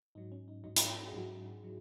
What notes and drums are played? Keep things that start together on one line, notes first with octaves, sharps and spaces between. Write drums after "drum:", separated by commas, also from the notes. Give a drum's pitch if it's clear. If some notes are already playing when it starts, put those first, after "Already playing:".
G#2 F#3 D#4
C#4
D#4
G#2 F#3 D#4
D#4, drum: hi-hat
E4
F#4
G#4
G#2 F#3 F#4
F#3